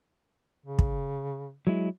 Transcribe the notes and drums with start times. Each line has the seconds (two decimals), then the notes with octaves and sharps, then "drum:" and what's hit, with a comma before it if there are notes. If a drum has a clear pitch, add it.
0.66 C#3
0.79 drum: kick
1.67 F#3 G#3 E4